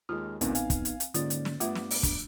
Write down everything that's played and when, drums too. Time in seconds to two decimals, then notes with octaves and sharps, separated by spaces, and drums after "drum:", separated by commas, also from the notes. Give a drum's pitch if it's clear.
0.09 D#2 G#3 F4 F6
0.41 A1 D2 A#2 B3 C4 D#4, drum: hi-hat
0.55 F5 G#5, drum: hi-hat
0.70 drum: kick, hi-hat
0.85 drum: hi-hat
1.00 drum: hi-hat
1.14 G#2 D3 A#3 C#4 F4 D5 A6, drum: hi-hat
1.30 drum: hi-hat
1.45 drum: snare
1.60 G2 A3 B3 F4 E5 D6, drum: hi-hat
1.75 drum: snare
1.91 drum: open hi-hat
2.03 D4, drum: kick, hi-hat